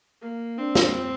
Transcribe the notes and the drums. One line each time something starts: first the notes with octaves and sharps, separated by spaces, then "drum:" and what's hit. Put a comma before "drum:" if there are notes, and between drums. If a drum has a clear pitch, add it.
A#3
C4 D4
drum: snare